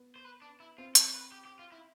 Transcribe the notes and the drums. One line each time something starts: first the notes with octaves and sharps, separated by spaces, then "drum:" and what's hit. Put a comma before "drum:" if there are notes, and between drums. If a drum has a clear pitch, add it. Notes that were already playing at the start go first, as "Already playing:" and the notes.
Already playing: B3
C5
B4
D4
E4
C4 F4
A4, drum: hi-hat
B4
G4
G4
F4
E4